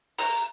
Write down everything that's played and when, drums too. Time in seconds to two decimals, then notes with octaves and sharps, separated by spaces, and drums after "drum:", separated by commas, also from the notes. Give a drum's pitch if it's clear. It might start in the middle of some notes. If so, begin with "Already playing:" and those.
0.18 A#5, drum: open hi-hat